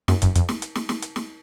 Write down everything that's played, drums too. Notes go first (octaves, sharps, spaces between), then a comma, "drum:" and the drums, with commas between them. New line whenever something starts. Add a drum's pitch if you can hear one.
F#2, drum: snare
F#2, drum: kick, hi-hat
F2, drum: hi-hat
drum: snare
drum: hi-hat
drum: snare
drum: snare
drum: hi-hat
drum: snare